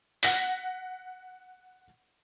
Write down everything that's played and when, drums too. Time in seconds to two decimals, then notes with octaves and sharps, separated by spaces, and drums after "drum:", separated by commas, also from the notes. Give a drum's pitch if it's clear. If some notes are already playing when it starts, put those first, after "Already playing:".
0.23 F#5 A#6 B6, drum: open hi-hat